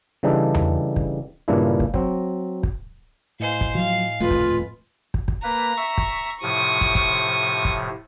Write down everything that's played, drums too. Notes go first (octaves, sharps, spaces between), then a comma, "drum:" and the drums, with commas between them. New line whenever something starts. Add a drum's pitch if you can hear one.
C#3 E3 G3 D4 D#4 A4
drum: tom E2
drum: kick
G2 A#2 C#3 A#3 D4 E4
drum: kick
F#3 C4, drum: kick
drum: kick
A2 C5 D#5 F5 G#5
drum: kick
F3 F#3 F5
D#1 F2 A3 F4 B4
drum: kick
drum: kick
drum: kick
A#3 B4 A#5
E5 C#6
drum: kick
A2 C3 F3 C#6 D#6
drum: kick
drum: kick
drum: kick